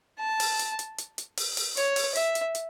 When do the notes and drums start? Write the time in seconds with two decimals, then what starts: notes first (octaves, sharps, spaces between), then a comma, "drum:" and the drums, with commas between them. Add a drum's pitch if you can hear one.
0.20 A5
0.40 drum: open hi-hat
0.59 drum: hi-hat
0.79 drum: hi-hat
0.98 drum: hi-hat
1.18 drum: hi-hat
1.37 drum: open hi-hat
1.57 drum: open hi-hat
1.77 C#5, drum: hi-hat
1.96 drum: open hi-hat
2.15 E5, drum: hi-hat
2.35 drum: hi-hat
2.55 drum: hi-hat